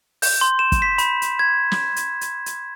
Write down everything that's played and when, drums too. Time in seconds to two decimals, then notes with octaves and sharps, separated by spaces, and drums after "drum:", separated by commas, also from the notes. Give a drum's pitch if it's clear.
0.22 G6, drum: open hi-hat
0.41 C6
0.59 E7
0.72 drum: kick, hi-hat
0.82 B6
0.98 B5, drum: hi-hat
1.22 drum: hi-hat
1.39 G#6
1.72 drum: snare
1.96 drum: hi-hat
2.21 drum: hi-hat
2.46 drum: hi-hat